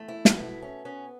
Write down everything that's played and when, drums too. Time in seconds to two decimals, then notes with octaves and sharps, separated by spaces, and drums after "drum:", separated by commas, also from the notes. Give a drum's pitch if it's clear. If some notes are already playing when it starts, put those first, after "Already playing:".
Already playing: E2 A3
0.08 E4
0.25 drum: snare
0.39 B2 E4
0.62 C#4
0.85 B3 C#4